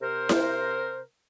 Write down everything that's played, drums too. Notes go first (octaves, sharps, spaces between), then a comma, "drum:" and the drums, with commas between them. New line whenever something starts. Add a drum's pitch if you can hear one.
C3 A#4 C5
drum: snare E4